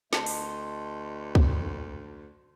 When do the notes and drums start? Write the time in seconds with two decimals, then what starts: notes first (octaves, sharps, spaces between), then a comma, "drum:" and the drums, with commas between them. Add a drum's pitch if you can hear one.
0.13 D2 D#5 A5 C6, drum: snare
0.26 drum: open hi-hat
1.35 drum: kick